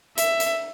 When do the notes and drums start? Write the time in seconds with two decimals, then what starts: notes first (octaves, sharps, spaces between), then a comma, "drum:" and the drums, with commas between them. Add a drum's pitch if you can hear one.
0.17 E5, drum: hi-hat
0.40 drum: hi-hat